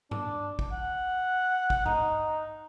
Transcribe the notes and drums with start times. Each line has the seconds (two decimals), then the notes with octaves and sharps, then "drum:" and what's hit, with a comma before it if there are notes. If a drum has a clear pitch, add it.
0.11 D4, drum: tom G2
0.59 drum: kick
0.72 F#5
1.70 drum: kick
1.86 D#4, drum: tom G2